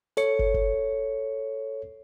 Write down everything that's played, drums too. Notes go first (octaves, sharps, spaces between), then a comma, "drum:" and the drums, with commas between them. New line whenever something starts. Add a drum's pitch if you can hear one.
A4 C#5 C#7, drum: hi-hat
drum: kick
drum: kick